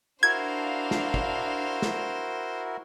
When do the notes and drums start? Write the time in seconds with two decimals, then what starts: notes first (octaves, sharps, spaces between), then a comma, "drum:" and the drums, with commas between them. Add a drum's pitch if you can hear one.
0.23 D4 E4 F#4 A#4 C5 F5 G#6
0.91 drum: snare
1.14 drum: kick
1.82 drum: snare